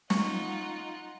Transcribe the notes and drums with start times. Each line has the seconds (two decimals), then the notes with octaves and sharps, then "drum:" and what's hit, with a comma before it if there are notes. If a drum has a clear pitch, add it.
0.10 D#4 F4 F#5 C#6, drum: snare